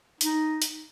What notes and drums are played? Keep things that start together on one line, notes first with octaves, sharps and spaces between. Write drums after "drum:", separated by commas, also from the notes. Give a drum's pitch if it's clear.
D#4, drum: hi-hat
drum: hi-hat